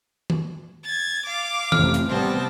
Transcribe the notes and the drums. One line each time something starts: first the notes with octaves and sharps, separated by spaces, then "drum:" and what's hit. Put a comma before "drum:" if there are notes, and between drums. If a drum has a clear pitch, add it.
drum: tom D#3
G#6 A6
F5 D6
A1 F2 C3 F6, drum: tom D#3
drum: hi-hat
C3 G3 B3 C4 A5